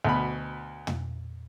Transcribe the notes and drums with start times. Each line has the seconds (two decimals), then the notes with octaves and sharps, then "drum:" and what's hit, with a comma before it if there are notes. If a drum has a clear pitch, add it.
0.05 D2 B2 B5
0.87 drum: tom